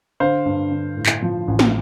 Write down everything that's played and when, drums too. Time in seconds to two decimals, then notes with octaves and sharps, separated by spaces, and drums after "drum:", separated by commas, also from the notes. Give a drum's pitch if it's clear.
0.20 D3 C5 F5
0.46 G2
0.71 D3
0.97 A2
1.06 drum: clap
1.22 F3
1.48 A1
1.59 drum: snare